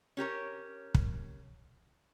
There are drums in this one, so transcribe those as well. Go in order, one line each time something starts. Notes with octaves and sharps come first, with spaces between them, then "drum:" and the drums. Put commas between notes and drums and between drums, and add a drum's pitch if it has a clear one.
C#4 G4 A#4 C#5
drum: kick